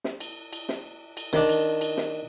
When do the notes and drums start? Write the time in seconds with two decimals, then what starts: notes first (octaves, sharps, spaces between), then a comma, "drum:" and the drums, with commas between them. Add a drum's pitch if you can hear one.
0.04 drum: snare
0.20 drum: cymbal
0.53 drum: cymbal
0.69 drum: snare
1.17 drum: cymbal
1.33 D#3 D4, drum: snare
1.49 drum: cymbal
1.81 drum: cymbal
1.97 drum: snare